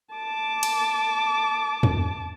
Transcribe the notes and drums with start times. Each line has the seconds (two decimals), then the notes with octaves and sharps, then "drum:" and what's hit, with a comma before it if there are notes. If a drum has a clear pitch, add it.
0.14 A5 D6
0.63 drum: cymbal
1.83 drum: tom E2